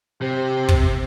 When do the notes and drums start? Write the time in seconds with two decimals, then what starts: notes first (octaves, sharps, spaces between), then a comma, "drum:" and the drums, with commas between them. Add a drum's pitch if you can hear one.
0.22 C3 G4 C5
0.69 drum: kick